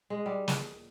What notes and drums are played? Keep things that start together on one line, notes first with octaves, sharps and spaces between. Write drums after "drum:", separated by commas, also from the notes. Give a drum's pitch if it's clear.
G#3
G3
drum: snare